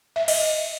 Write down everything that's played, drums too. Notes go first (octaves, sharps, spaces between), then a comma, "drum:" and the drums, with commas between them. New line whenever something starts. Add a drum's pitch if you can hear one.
E5
D#5, drum: cymbal